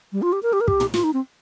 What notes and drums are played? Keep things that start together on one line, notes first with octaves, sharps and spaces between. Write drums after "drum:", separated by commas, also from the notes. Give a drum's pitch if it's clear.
G3
F4
G4
A#4
G4
A#4
G4, drum: kick
drum: tom
F4, drum: snare
D#4
C4